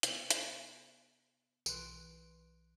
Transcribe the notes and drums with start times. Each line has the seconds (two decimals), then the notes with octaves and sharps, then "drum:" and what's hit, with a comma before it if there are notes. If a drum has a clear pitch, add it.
0.03 C3 B3, drum: hi-hat
0.30 drum: hi-hat
1.66 B1 E3 B4 C6 F#6 D7, drum: tambourine